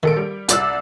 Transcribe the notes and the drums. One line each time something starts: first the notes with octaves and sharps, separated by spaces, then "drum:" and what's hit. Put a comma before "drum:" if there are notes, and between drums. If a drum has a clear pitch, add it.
A#1 D#3 A4 D7
G3
C2 D5 E6, drum: hi-hat